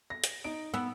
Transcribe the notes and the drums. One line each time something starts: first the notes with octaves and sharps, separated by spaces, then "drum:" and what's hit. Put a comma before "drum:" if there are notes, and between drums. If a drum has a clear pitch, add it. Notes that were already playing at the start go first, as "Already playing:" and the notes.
A#6
drum: hi-hat
D#4 D#5 D7
B3 E6